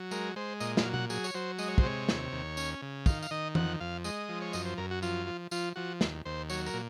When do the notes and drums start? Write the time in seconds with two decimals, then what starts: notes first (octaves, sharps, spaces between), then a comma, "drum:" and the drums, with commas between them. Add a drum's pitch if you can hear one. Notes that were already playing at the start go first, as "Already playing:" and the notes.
Already playing: F#3
0.11 G#3 A#4, drum: tambourine
0.36 G#3 C5
0.60 A#2 D#5, drum: tambourine
0.77 F5, drum: snare
0.85 F#3
0.94 F#5, drum: tom B2
1.10 F#3 G#4, drum: tambourine
1.24 C#5, drum: tambourine
1.34 F#3 C5
1.58 G#3 D#5, drum: tambourine
1.68 C#5
1.78 C5, drum: kick
1.83 C3 C#5
2.09 D#2, drum: snare
2.32 D#2
2.57 C#4, drum: tambourine
2.82 C#3
3.06 D#3 F5, drum: kick, tambourine
3.23 F5, drum: tambourine
3.31 D#3 D#5
3.55 F2 F#5, drum: tom
3.80 F2 F5
4.04 G#3 D#5, drum: tambourine
4.29 F3
4.41 C#5
4.53 F#2 D#5, drum: tambourine
4.65 C5
4.78 F#2 A#4
4.91 F#4
5.03 F3 F4, drum: tambourine
5.27 F3
5.51 F3 F4, drum: tambourine
5.76 F3 F#4
6.01 D#2, drum: snare
6.25 D#2 C5
6.49 F#3 C#5, drum: tambourine
6.66 A#4, drum: tambourine
6.74 A#2